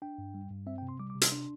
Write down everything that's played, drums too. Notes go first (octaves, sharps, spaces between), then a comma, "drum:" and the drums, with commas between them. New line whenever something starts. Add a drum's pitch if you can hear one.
D4 G5
G2
G3
G2
C4 E5
G5
C3
C6
G3 D6
D6
C3
C6, drum: hi-hat
D4